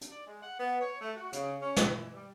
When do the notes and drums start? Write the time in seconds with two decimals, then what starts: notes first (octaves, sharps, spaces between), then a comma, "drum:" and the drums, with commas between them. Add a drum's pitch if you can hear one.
0.01 drum: hi-hat
0.11 D5
0.27 G#3
0.42 F#5
0.59 B3
0.80 C#5
1.01 A3
1.16 F#4
1.33 C#3, drum: hi-hat
1.62 C#4
1.76 drum: snare
1.90 E3
2.15 G3